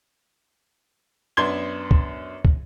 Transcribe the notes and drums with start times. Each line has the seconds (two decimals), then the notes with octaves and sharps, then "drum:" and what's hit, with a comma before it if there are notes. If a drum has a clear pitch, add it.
1.37 F#2 B3 D4 C6 G#6 G7
1.91 drum: kick
2.45 drum: kick